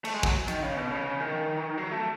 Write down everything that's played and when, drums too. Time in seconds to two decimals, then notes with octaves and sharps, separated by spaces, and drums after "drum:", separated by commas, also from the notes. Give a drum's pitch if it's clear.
0.05 A3, drum: cymbal
0.14 G#3
0.23 F#3, drum: kick
0.48 D#3, drum: hi-hat
0.63 C#3
0.77 B2
0.91 C#3
1.20 D#3
1.77 F#3
1.91 A3